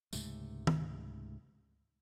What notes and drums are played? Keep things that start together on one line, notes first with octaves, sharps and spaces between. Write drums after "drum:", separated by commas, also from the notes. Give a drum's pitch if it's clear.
C#2 G#2 C3 A3, drum: tambourine
drum: tom